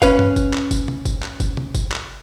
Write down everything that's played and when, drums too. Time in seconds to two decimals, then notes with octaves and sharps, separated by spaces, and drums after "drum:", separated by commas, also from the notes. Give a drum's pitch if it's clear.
0.02 C#4 B4 F5, drum: kick, tambourine
0.19 drum: tom G2
0.36 drum: kick, tambourine
0.54 drum: clap
0.71 drum: kick, tambourine
0.88 drum: tom C3
1.05 drum: kick, tambourine
1.23 drum: clap
1.40 drum: kick, tambourine
1.57 drum: tom C3
1.75 drum: kick, tambourine
1.92 drum: clap